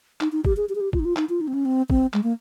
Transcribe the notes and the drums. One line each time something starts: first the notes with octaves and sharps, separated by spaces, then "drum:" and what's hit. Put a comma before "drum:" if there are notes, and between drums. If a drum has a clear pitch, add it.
D#4, drum: clap
D#4
G4, drum: kick
G#4
G4
G#4
G4
F4, drum: kick
D#4
F4
D#4, drum: clap
F4
D#4
C4
C#4
C4
C4, drum: kick
G#3, drum: clap
A#3